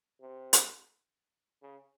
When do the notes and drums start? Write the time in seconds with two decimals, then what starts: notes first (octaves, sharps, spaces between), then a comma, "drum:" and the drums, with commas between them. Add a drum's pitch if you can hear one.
0.21 C3
0.53 drum: hi-hat
1.62 C#3